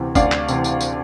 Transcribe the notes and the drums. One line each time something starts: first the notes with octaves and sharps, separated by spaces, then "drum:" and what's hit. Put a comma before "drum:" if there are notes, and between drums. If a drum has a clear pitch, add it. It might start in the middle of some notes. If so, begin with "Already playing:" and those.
Already playing: D2 C3 E3
D2 D5 F5, drum: kick, tambourine
drum: clap
C3 E3, drum: tambourine
drum: tambourine
drum: tambourine